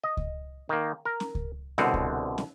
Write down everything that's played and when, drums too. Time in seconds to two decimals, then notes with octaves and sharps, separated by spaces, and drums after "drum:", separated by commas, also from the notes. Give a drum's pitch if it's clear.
0.04 D#5
0.17 drum: kick C#2
0.69 D#3 A#3
1.05 A#4
1.20 drum: snare
1.35 drum: kick C#2
1.78 C2 B2 D3 C4 F#5, drum: snare
1.94 drum: kick C#2
2.38 drum: snare